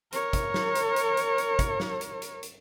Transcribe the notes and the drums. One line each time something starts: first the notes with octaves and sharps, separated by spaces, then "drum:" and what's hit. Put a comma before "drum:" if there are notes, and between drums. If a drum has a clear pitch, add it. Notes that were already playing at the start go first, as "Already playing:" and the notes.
A#4 C#5, drum: hi-hat
drum: kick, hi-hat
drum: snare
drum: hi-hat
drum: hi-hat
drum: hi-hat
drum: hi-hat
drum: kick, hi-hat
drum: snare
drum: hi-hat
drum: hi-hat
drum: hi-hat